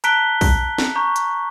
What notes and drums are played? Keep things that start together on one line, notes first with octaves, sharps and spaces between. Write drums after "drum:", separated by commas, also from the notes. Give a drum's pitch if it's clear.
A5 A#5 F#6 B6 D7 G7, drum: hi-hat
drum: kick, open hi-hat
drum: snare
A#5 C#6 G6
drum: hi-hat